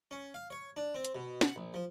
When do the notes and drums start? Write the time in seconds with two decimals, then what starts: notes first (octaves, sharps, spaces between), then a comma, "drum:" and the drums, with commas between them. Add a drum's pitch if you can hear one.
0.11 C#4
0.34 F5
0.50 C#5
0.77 D4
0.95 C4
1.05 drum: hi-hat
1.15 B2
1.41 F#5, drum: snare
1.56 A#1
1.74 F3